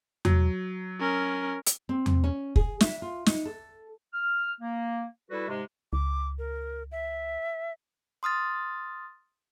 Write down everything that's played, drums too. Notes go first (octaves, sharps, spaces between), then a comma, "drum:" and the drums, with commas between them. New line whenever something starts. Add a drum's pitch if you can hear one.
F#3, drum: tom E2
C#4 A#4
drum: hi-hat
C4
drum: tom E2
C#4
G#4, drum: kick
E5, drum: snare
F4
D#4, drum: snare
A4
F6
A#3
G3 E4 F#4 A4 B4
G#2 C3 G#3
C#2 D6
A#4
E5
C6 D#6 F6 A6